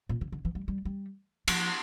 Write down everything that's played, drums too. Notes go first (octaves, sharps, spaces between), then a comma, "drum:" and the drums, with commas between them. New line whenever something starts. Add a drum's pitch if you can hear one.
A#2
C#3
D3
E3
G3
G3
G3
F3, drum: cymbal